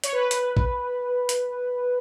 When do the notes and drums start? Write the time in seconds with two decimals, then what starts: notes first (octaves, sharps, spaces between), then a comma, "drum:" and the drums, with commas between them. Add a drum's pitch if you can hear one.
0.04 C#5, drum: hi-hat
0.13 B4
0.31 drum: hi-hat
0.57 drum: kick
1.29 drum: hi-hat